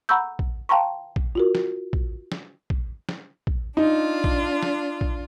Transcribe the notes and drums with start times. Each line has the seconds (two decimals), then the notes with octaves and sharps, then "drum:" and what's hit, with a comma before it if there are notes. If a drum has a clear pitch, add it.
0.09 F#5 A#5 B5 C#6 E6 G6
0.39 drum: kick
0.69 F5 G5 A5 A#5 C6 C#6
1.16 drum: kick
1.35 F4 F#4 A#4
1.55 drum: snare
1.93 drum: kick
2.32 drum: snare
2.70 drum: kick
3.09 drum: snare
3.47 drum: kick
3.77 D4 D#4 F4
4.24 drum: kick
4.63 drum: snare
5.01 drum: kick